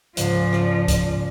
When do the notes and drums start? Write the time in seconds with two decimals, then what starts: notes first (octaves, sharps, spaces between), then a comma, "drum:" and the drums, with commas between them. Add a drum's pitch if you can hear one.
0.17 C#2 G#2 F3 D5 C7, drum: hi-hat
0.53 drum: rim click
0.88 drum: kick C#2, hi-hat